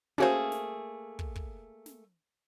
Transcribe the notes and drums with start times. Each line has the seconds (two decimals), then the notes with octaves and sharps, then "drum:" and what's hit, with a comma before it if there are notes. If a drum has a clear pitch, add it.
0.18 A3 A#3 C#4 F#4 G#4 C5
0.52 drum: snare
1.19 drum: kick
1.36 drum: kick
1.86 drum: snare